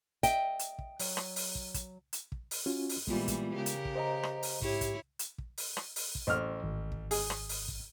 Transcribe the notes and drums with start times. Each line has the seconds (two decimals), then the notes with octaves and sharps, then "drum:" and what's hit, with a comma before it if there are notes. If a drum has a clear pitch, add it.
0.23 D#5 E5 G5, drum: kick, hi-hat
0.59 drum: hi-hat
0.79 drum: kick
0.99 F#3, drum: open hi-hat
1.17 drum: rim click
1.36 drum: open hi-hat
1.55 drum: kick
1.74 drum: kick, hi-hat
2.13 drum: hi-hat
2.32 drum: kick
2.51 drum: open hi-hat
2.66 C#4 F4 F#4
2.89 drum: open hi-hat
3.07 A#2 E3 G3 G#3 B3 F4, drum: kick
3.28 drum: kick, hi-hat
3.55 C#3 G4 A#4
3.66 drum: hi-hat
3.85 drum: kick
3.96 C5 D#5 A#5
4.23 drum: rim click
4.43 drum: open hi-hat
4.62 G#2 E4 G4 C#5, drum: kick
4.81 drum: kick, hi-hat
5.19 drum: hi-hat
5.38 drum: kick
5.58 drum: open hi-hat
5.77 drum: rim click
5.96 drum: open hi-hat
6.15 drum: kick
6.27 A1 C5 F6
6.64 G#1
6.92 drum: kick
7.11 G#4, drum: open hi-hat
7.30 drum: rim click
7.49 drum: open hi-hat
7.68 drum: kick